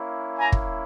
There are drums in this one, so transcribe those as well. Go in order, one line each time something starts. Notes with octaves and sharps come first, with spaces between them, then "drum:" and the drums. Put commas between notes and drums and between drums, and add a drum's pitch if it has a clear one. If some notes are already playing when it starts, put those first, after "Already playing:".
Already playing: A#3 C#4 E4
G#5 A#5
drum: kick